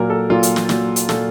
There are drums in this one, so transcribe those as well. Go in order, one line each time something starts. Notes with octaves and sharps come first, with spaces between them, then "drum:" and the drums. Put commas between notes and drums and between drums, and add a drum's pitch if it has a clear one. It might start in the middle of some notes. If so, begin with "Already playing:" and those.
Already playing: A#2 F#3 A#4
A4
A#2 F#3 F4
drum: hi-hat
drum: snare
A#2 F#3, drum: snare
drum: hi-hat
A#2 F#3 A4, drum: snare